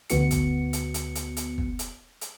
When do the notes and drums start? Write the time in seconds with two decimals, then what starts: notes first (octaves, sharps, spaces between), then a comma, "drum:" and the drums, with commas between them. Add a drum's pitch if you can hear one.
0.10 D2 B3 F#4 C#7, drum: hi-hat
0.31 drum: kick, hi-hat
0.73 drum: hi-hat
0.94 drum: hi-hat
1.16 drum: hi-hat
1.37 drum: hi-hat
1.58 drum: kick
1.79 drum: hi-hat
2.21 drum: hi-hat